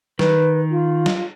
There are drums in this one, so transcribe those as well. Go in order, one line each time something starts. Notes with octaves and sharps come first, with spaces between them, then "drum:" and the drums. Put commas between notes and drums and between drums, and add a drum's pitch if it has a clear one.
D#3 B4, drum: snare
F4
drum: snare